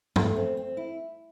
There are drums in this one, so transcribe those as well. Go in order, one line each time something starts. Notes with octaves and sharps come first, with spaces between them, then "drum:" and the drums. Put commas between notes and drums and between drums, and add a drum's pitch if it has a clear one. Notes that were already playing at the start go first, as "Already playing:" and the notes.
A3, drum: tom
C4
C4
E4